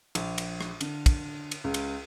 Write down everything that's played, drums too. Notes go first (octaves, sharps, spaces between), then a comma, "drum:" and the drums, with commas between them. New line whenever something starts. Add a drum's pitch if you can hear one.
A#1, drum: cymbal
drum: cymbal
drum: rim click
D3, drum: cymbal
drum: kick, cymbal
drum: cymbal
C#2
drum: cymbal